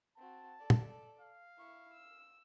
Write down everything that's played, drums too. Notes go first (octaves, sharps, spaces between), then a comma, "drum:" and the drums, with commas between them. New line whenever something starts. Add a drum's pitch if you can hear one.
C4 F#4 A5
A4 D5
drum: tom
F5
E4 C#6
E6